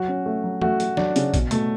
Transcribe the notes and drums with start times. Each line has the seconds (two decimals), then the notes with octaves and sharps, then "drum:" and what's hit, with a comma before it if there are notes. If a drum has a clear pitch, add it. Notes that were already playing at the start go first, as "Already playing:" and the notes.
Already playing: F#3 F#4
0.08 C#4
0.26 A3
0.44 F#3
0.62 A3 F#4, drum: tom
0.80 A3, drum: hi-hat
0.97 F#3 D4, drum: snare
1.16 C#3, drum: hi-hat
1.34 B2, drum: kick, hi-hat
1.51 B2 A3, drum: hi-hat